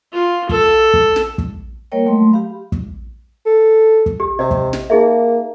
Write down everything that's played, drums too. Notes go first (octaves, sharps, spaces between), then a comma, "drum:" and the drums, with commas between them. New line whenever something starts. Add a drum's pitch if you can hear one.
F4
A4, drum: kick
drum: kick
drum: snare
drum: kick
G3 A#3 A#4 C#5 D#5 G5
F#3 A3 C6
G4 F5 B5
drum: kick
A4
drum: kick
G4
C3 D#5
drum: kick
drum: snare
A#3 D#4 G#4 E5